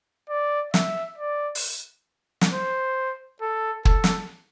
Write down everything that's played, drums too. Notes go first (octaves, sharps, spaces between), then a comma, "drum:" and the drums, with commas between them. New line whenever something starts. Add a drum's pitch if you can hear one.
D5
E5, drum: snare
D5
drum: open hi-hat
drum: snare
C5
A4
A4, drum: kick
drum: snare